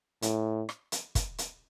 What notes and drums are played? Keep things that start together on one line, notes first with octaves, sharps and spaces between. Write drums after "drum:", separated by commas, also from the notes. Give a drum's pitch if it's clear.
A2, drum: hi-hat
drum: rim click
drum: hi-hat
drum: kick, hi-hat
drum: hi-hat